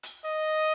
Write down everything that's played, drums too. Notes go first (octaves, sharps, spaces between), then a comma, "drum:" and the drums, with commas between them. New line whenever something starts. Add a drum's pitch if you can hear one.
drum: hi-hat
D#5